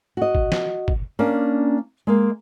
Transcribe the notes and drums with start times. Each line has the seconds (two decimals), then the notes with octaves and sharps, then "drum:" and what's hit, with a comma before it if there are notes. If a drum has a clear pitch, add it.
0.17 F#4 D#5
0.35 drum: kick G1
0.52 drum: snare
0.88 drum: kick G1
1.19 A#3 C#4 D4
2.07 G#3 A#3